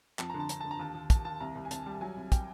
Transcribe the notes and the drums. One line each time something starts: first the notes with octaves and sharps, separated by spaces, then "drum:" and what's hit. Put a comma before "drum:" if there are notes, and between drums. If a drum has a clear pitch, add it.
F2 A5, drum: clap
D3 A#5
A5
D3 A#5, drum: hi-hat
D3 A5
A#5
D#2 A5
D#2
D#2 A5, drum: kick, hi-hat
D#2 A5
C2 A#5
C2
G#5
C2 A5, drum: hi-hat
G3
F#3 G#5
C2
G5, drum: kick, hi-hat